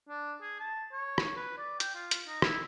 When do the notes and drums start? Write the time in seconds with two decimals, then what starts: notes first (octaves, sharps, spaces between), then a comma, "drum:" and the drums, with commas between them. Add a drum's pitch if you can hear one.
0.09 D4
0.42 G#4
0.60 A5
0.93 C#5
1.18 drum: rim click
1.37 B4
1.58 D5
1.80 G5, drum: hi-hat
1.95 F4
2.11 drum: hi-hat
2.27 D#4
2.42 E4, drum: rim click